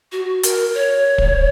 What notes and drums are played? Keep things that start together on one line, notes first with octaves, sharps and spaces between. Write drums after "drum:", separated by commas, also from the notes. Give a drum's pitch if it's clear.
F#4
A#4, drum: hi-hat
C#5
drum: kick